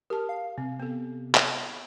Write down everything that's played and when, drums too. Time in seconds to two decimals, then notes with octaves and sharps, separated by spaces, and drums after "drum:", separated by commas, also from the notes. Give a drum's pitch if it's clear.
0.10 G4 A#4 A5
0.29 F5
0.58 C3 C4
0.80 B3 A4
1.35 drum: clap